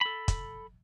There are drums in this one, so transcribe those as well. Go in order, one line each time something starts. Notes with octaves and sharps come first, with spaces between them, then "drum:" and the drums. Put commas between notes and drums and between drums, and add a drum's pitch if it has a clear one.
A4 B5
drum: kick, hi-hat